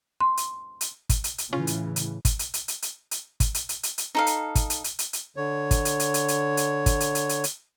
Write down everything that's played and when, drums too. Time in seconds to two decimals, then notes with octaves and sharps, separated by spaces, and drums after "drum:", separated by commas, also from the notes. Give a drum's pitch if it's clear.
0.20 C6
0.37 drum: hi-hat
0.81 drum: hi-hat
1.09 drum: kick, hi-hat
1.24 drum: hi-hat
1.38 drum: hi-hat
1.53 A2 C#3 E3 C#4 F4
1.67 drum: hi-hat
1.96 drum: hi-hat
2.25 drum: kick, hi-hat
2.39 drum: hi-hat
2.54 drum: hi-hat
2.68 drum: hi-hat
2.82 drum: hi-hat
3.11 drum: hi-hat
3.40 drum: kick, hi-hat
3.54 drum: hi-hat
3.69 drum: hi-hat
3.83 drum: hi-hat
3.98 drum: hi-hat
4.15 D#4 A4 F5
4.27 drum: hi-hat
4.55 drum: kick, hi-hat
4.70 drum: hi-hat
4.84 drum: hi-hat
4.99 drum: hi-hat
5.13 drum: hi-hat
5.36 D3 C#5
5.71 drum: kick, hi-hat
5.85 drum: hi-hat
6.00 drum: hi-hat
6.14 drum: hi-hat
6.28 drum: hi-hat
6.57 drum: hi-hat
6.86 drum: kick, hi-hat
7.00 drum: hi-hat
7.15 drum: hi-hat
7.29 drum: hi-hat
7.44 drum: hi-hat